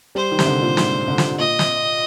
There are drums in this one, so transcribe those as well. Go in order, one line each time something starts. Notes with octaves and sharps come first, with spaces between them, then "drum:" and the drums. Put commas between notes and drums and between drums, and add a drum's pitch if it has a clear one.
G3 C5
D#3
C3, drum: snare
D3
A#2
G#2, drum: snare
D3
drum: snare
A#2 D#5
drum: snare